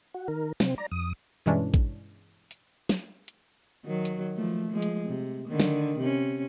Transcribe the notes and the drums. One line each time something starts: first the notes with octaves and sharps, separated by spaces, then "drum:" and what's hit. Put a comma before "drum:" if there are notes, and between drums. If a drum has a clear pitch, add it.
F#4
D#3 A#4
C3 C4, drum: snare
D5 A#5
F2 D#6
G2 B2 E3 G#3 C#4 D4
drum: kick, hi-hat
drum: hi-hat
drum: snare
drum: hi-hat
D#3 F#3
drum: hi-hat
F3 A3
F3 G#3
drum: hi-hat
C3
D3 D#3
drum: snare
C3 C#4